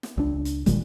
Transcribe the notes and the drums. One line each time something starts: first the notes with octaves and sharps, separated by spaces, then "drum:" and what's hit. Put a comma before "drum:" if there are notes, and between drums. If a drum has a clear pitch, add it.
drum: snare
C#2 D4
drum: hi-hat
A#2 D#3 G3 G#3, drum: kick, hi-hat